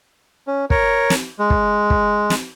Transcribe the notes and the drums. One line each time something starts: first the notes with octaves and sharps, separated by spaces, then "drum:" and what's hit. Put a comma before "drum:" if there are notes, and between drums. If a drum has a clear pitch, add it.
C#4
A#4 C#5, drum: kick
drum: snare
G#3
drum: kick
drum: kick
drum: snare